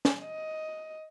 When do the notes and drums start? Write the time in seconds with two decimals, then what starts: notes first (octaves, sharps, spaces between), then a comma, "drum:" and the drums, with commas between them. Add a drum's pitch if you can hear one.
0.05 drum: snare
0.21 D#5